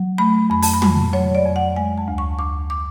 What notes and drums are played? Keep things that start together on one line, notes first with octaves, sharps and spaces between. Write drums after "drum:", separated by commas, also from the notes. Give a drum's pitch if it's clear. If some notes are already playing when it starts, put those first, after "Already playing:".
Already playing: F#3
A3 B5
F2 B5
A5, drum: open hi-hat
B5
F2, drum: tom
F#3 C#5
D5
F2
F#5
G#3 G#5
A5
D2
C#6
D2 D6
D6